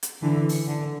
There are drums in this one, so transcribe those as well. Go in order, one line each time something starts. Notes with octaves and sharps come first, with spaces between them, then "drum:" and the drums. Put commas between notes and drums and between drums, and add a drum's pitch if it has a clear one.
drum: hi-hat
D3 E3
drum: open hi-hat
D3